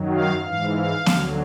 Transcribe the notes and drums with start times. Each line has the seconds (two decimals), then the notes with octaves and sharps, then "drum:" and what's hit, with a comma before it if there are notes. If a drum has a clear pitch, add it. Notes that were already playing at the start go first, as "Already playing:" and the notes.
Already playing: F#2 D#3 F#3
0.13 F5
0.44 G#2 E3 F5
0.75 F5
1.06 D2 D3 F#3, drum: snare B3